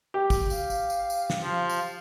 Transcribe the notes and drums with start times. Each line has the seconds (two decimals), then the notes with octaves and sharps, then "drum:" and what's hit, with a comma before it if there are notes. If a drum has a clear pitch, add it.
0.14 G4
0.30 drum: kick, tambourine
0.50 F5, drum: tambourine
0.70 drum: tambourine
0.90 drum: tambourine
1.10 drum: tambourine
1.30 drum: snare
1.41 F3
1.70 drum: tambourine